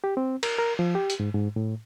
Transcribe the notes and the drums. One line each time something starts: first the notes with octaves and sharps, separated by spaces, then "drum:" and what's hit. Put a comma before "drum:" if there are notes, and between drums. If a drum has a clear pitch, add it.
G4
C4
A#4, drum: cymbal
A#4
F3
G4
drum: hi-hat
G#2
G#2
A2